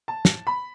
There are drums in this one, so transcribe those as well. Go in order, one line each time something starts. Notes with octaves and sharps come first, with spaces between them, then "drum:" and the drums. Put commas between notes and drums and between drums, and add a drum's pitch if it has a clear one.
A5
drum: snare
B5